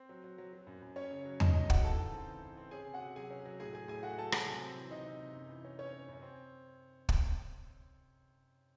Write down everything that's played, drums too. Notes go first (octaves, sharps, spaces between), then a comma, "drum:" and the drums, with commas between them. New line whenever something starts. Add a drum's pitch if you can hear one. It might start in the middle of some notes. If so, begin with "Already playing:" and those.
Already playing: C4
F#3
F#3
F#3
F#3
F#2
F#2
C#4 C#5
C#3
F#3
C#3 D#4 D#5, drum: tom E2
C#3 D#4 D#5
C#3 F#4 F#5, drum: kick
E3 A4 A5
G#2
C4
E3
E3
C4
C#4 G#4 G#5
C3
F#4 F#5
C3
F#3 G#4 G#5
C#4
F#3
A2 G#4 G#5
A2 G#4 G#5
A2 G#4 G#5
A3 F#4 F#5
F#3 A4 A5
F#3 G#4 G#5, drum: rim click
C3
C4
E3
C3 D#4 D#5
C3
C3
F#2
E3
C#4
C#4 C#5
C#4
F#2
C4
drum: kick